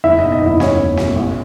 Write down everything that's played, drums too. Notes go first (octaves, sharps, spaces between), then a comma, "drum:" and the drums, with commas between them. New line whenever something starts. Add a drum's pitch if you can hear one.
F#1 E4 E5
D#4 D#5
B2
D#4 D#5
F#1 E4 E5
E2 C#4 C#5, drum: snare
F#1
B2, drum: snare
A1